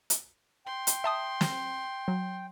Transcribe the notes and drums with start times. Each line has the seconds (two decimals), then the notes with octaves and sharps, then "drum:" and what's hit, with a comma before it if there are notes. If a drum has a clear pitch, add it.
0.10 drum: hi-hat
0.66 G5 C6
0.87 drum: hi-hat
1.04 E5 A5 D#6
1.41 drum: snare
2.08 F#3